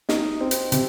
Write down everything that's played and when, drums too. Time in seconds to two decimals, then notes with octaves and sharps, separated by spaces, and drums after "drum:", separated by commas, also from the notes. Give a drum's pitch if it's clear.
0.09 D#4, drum: snare
0.41 C4
0.51 drum: hi-hat
0.72 C3, drum: hi-hat